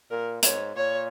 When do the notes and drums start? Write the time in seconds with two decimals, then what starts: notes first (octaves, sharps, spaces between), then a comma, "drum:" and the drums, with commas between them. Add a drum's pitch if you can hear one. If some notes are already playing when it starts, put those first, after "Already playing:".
0.10 A#2 A#4
0.43 G#2 C#5, drum: hi-hat
0.76 A#2 C#5